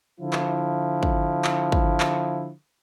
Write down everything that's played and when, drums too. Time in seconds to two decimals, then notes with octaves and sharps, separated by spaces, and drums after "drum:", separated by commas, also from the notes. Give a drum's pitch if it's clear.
0.19 D3 F3 E4
0.33 drum: clap
1.03 drum: kick
1.44 drum: clap
1.72 drum: kick
2.00 drum: clap